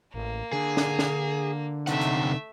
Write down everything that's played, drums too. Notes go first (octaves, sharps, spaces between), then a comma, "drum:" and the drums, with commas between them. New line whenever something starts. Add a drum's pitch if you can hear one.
A1 A#3
D3 G#4
drum: snare
drum: snare
C3 A3 D#4 E5 F#5, drum: hi-hat
drum: hi-hat